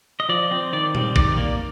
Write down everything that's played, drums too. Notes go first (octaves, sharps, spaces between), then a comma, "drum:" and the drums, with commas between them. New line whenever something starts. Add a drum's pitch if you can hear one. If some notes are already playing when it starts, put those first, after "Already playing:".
D#5
F3 D5
C4
D#3 D5
G3 C4, drum: tom A#2
D#3 D5, drum: kick
A#3